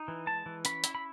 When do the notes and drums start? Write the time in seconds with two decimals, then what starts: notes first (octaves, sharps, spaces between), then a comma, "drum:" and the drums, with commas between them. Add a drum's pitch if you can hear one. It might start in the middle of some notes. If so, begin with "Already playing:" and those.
Already playing: D#4
0.08 E3
0.27 G#3 A5
0.46 E3
0.65 C#4 B5, drum: hi-hat
0.84 E4, drum: hi-hat
0.95 B5